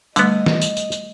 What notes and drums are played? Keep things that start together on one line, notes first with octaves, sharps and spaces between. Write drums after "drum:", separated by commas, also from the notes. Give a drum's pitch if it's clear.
D3 G3 A3 B3 D#5, drum: tambourine
drum: snare
drum: tambourine
drum: tambourine
drum: tambourine